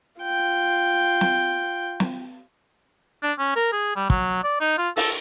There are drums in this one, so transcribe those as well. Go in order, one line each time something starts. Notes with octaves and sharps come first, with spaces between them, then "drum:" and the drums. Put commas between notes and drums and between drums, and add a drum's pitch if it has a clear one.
F4 G5
drum: snare
drum: snare
D4
C#4
A#4
G#4
G3
F#3, drum: kick
D5
D#4
F4
A4, drum: open hi-hat